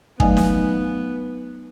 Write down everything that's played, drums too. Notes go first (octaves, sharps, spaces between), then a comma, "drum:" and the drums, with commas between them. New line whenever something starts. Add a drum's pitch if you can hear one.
F#3 A3 B3 D#4 D#5 F5 G#5, drum: kick
drum: snare